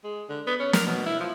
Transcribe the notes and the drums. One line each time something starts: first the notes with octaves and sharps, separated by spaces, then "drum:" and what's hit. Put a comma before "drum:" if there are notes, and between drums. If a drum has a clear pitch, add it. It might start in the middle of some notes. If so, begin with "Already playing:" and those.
G#3
D3
B3
C#4
A#4, drum: snare
B2
E4
F3